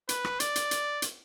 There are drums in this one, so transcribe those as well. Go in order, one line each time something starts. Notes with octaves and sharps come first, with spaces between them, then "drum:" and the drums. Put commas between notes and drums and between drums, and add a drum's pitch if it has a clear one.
B4, drum: hi-hat
drum: rim click
D5, drum: hi-hat
drum: hi-hat
drum: hi-hat
drum: hi-hat